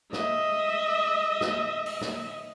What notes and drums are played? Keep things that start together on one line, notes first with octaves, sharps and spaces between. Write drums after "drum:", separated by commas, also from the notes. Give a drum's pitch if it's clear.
D#5 E5, drum: snare
drum: snare
drum: open hi-hat
drum: snare